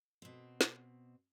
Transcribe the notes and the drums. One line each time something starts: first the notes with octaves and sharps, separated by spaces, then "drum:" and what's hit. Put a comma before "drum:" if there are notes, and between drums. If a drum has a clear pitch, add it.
B2 C4
drum: snare